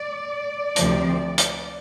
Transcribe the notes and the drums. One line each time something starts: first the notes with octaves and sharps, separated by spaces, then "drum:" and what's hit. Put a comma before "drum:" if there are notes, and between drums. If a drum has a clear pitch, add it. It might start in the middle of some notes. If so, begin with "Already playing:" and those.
Already playing: D5
D2 C3 F3, drum: hi-hat
drum: hi-hat